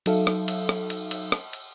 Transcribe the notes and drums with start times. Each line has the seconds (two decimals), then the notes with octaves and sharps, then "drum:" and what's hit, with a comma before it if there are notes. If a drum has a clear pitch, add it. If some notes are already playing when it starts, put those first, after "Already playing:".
0.06 F#3 D#4 A4 E5 F5, drum: cymbal
0.27 drum: rim click
0.48 drum: cymbal
0.69 drum: rim click
0.90 drum: cymbal
1.11 drum: cymbal
1.32 drum: rim click
1.53 drum: cymbal